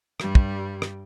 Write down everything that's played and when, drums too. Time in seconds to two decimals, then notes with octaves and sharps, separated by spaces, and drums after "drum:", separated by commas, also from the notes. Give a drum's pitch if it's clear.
0.20 G2 G3, drum: rim click
0.35 drum: kick
0.82 drum: rim click